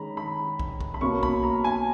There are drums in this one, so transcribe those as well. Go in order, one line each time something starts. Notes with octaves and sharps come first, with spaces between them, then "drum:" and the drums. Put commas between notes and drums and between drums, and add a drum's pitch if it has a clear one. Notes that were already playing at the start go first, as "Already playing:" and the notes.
Already playing: D#3 G#3 C#4 A#5 B5
B5
drum: kick
drum: kick
B5
B2 A#3 C#4 C#6
B5, drum: kick
A#5
G#5